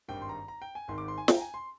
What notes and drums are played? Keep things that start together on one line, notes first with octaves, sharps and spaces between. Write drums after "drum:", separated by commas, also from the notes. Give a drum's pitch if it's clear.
G#1 G2 D#3 G5
C6
A#5
A#5
G5
G#5
G#1 G#2 D#3 C6
D6
C6
G#5
G5, drum: snare
A#5
G#5
C6